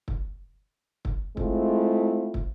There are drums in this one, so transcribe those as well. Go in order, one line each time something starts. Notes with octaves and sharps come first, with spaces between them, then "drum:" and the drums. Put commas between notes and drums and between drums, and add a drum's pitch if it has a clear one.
drum: kick
drum: kick
G#3 A3 C4 E4 F4, drum: kick
drum: kick